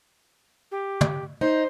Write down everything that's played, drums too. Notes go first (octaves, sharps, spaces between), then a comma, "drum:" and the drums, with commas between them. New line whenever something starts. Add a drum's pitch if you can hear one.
G4
drum: tom
D#4 C5